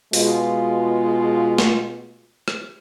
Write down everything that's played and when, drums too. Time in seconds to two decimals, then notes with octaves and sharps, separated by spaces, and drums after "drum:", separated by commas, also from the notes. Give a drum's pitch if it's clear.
0.13 B2 G#3 F4, drum: open hi-hat
1.58 drum: snare
2.48 drum: rim click